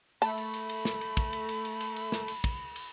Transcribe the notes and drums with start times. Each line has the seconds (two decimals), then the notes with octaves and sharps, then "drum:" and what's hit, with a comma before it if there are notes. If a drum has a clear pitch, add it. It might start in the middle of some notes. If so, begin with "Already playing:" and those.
0.22 A3 A5 B5, drum: cymbal
0.38 drum: cymbal
0.54 drum: cymbal
0.69 drum: cymbal
0.85 drum: snare
1.01 drum: cymbal
1.17 drum: kick, cymbal
1.33 drum: cymbal
1.49 drum: cymbal
1.65 drum: cymbal
1.80 drum: cymbal
1.96 drum: cymbal
2.12 drum: snare
2.28 drum: cymbal
2.44 drum: kick, cymbal
2.76 drum: cymbal